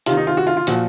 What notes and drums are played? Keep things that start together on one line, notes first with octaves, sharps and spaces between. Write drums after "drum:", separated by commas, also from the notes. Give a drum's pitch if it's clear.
C3 D#3 F4, drum: hi-hat
D#4
F4
F#4
F4
F4
A#2 F3 F#4, drum: hi-hat